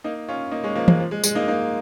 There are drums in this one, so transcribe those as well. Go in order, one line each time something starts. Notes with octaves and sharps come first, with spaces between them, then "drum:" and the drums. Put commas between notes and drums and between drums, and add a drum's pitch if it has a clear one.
A#3 D#4
C#4 F4
A#3 D#4
G#3 C#4
F3 A#3
G#3, drum: tom E3
F3
G#3
G#3, drum: tambourine
A#3 D#4
A#3 D#4